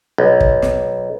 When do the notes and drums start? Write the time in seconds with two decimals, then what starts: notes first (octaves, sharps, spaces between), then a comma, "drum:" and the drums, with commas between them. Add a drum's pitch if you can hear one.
0.18 B1
0.40 drum: kick
0.62 drum: snare